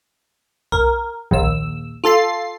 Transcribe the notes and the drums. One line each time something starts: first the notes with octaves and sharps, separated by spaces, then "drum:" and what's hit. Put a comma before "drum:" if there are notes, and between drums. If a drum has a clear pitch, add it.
A#4, drum: kick B1
A#1 D#2 E6, drum: kick B1
F4 A4 A6 C7